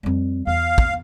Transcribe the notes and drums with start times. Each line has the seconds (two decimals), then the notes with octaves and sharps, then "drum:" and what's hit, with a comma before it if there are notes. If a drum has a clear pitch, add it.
0.03 F2 G3
0.47 E2 F5
0.78 drum: kick